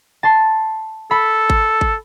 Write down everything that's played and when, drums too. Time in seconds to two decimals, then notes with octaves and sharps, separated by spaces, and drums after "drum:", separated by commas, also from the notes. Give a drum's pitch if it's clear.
0.23 A5 C6
1.11 A4 B5
1.50 drum: kick G#1
1.81 drum: kick G#1